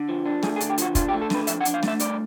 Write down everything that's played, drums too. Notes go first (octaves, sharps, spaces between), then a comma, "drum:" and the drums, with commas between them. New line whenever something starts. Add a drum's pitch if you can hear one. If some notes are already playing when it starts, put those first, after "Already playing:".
Already playing: D3
F3
D4
A3 G#4, drum: snare
G#4
D3, drum: hi-hat
G4
F3 F#4, drum: hi-hat
D4 F4, drum: kick, hi-hat
G4
A3
A4
D3 B4, drum: snare
F3 E5, drum: hi-hat
F#5
D4, drum: hi-hat
F5
A3 E5, drum: snare
G2 D5, drum: hi-hat